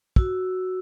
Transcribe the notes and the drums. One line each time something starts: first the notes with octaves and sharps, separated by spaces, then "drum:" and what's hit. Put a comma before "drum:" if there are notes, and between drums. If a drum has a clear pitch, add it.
F#4 E6, drum: kick